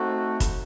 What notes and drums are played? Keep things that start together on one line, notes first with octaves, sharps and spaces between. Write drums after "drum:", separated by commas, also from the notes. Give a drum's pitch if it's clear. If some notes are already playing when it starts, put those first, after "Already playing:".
Already playing: A3 C4 D#4 F#4
drum: kick, hi-hat